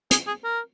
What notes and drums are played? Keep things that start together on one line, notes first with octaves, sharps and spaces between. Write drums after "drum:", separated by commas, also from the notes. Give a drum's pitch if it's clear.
G#4, drum: hi-hat
G#4
A#4